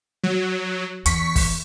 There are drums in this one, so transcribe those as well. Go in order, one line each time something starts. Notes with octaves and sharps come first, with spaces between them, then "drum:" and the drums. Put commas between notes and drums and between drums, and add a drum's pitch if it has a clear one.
F#3
E2 C#6 B6, drum: hi-hat
drum: kick, open hi-hat